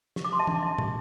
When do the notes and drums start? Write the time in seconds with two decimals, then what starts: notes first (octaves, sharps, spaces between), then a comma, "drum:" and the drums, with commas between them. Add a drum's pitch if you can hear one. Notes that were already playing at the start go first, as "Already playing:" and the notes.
0.16 G4, drum: snare
0.25 D6
0.32 C5 C6
0.39 E5 A5
0.47 D4, drum: tom E3
0.63 D4 E5
0.78 G4, drum: tom